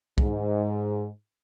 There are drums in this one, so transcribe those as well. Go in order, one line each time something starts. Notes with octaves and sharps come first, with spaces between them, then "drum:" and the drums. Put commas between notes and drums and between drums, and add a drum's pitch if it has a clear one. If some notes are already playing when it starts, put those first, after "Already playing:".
G#2, drum: kick